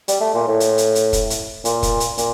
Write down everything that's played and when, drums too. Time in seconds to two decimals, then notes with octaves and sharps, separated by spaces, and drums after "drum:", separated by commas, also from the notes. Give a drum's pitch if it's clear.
0.08 G3, drum: hi-hat
0.21 A3
0.34 A#2
0.47 A2
0.60 drum: hi-hat
0.78 drum: hi-hat
0.95 drum: hi-hat
1.13 drum: kick, hi-hat
1.30 drum: hi-hat
1.65 A#2, drum: hi-hat
1.83 drum: kick, hi-hat
2.00 drum: hi-hat
2.18 A#2, drum: hi-hat